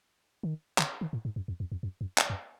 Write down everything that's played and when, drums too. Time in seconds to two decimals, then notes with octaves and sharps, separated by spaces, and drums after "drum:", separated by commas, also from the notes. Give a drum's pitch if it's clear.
0.43 D#3
0.78 D3, drum: clap
1.01 D#3
1.13 A2
1.25 G#2
1.36 F#2
1.48 F2
1.60 F2
1.72 F2
1.83 F#2
2.01 F#2
2.18 drum: clap
2.30 F#2